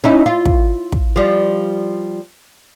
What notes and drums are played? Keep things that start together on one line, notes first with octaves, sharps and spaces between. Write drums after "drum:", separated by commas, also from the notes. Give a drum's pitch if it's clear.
C#4 D#4 E4
F4
drum: kick
drum: kick
F3 G3